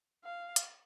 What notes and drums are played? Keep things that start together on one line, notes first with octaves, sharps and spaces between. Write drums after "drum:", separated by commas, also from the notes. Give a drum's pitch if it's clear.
F5
drum: hi-hat